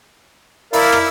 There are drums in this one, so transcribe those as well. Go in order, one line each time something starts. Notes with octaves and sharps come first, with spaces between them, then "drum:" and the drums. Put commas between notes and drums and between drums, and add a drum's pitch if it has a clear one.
E4 A#4 D5 F5, drum: open hi-hat
drum: rim click